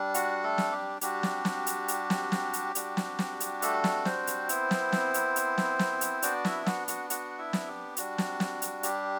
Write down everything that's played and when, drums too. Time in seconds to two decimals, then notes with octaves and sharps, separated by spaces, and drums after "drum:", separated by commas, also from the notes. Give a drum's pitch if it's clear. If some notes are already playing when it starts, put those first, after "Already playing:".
Already playing: G3 D4
0.14 F#4 F#5, drum: hi-hat
0.43 A3 A4
0.58 drum: snare
0.72 G4
1.01 G3 D4 F#4 G4, drum: hi-hat
1.23 drum: snare
1.45 drum: snare
1.67 drum: hi-hat
1.88 drum: hi-hat
2.10 drum: snare
2.32 drum: snare
2.53 drum: hi-hat
2.75 G3 D4 F#4, drum: hi-hat
2.97 drum: snare
3.19 drum: snare
3.40 drum: hi-hat
3.62 A3 A4, drum: hi-hat
3.84 drum: snare
4.05 C4 C5, drum: snare
4.27 drum: hi-hat
4.49 B3 E4, drum: hi-hat
4.71 drum: snare
4.92 drum: snare
5.14 drum: hi-hat
5.36 drum: hi-hat
5.58 drum: snare
5.79 drum: snare
6.01 drum: hi-hat
6.22 B3 D4 F#4 D5, drum: hi-hat
6.45 E4 E5, drum: snare
6.66 F#4 F#5, drum: snare
6.88 F#4 F#5, drum: hi-hat
7.10 F#4 F#5, drum: hi-hat
7.38 E4 E5
7.53 drum: snare
7.67 G4
7.97 G3 D4 F#4, drum: hi-hat
8.18 drum: snare
8.40 drum: snare
8.62 drum: hi-hat
8.83 G4, drum: hi-hat